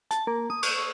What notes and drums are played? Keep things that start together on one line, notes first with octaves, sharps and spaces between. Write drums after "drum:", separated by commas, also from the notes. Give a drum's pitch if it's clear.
A5, drum: hi-hat
A#3
D#6
C#6, drum: cymbal